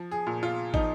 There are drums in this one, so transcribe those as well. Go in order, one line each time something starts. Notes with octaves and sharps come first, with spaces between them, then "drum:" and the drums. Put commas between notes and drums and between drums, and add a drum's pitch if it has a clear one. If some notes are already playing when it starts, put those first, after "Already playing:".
Already playing: F3
G#4
A#2
F4
F3 D#4, drum: kick